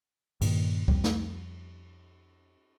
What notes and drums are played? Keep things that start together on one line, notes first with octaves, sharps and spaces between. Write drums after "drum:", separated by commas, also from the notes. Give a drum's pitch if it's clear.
G2 A#2 D3 D#3, drum: cymbal
F2 G3, drum: kick C2
drum: snare